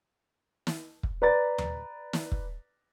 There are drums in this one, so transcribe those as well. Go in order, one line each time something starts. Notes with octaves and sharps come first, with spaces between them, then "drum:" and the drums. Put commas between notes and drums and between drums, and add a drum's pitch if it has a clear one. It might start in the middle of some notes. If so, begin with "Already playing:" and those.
drum: snare
drum: kick
B4 D5 A#5 A6
drum: tom D#2
drum: snare
drum: kick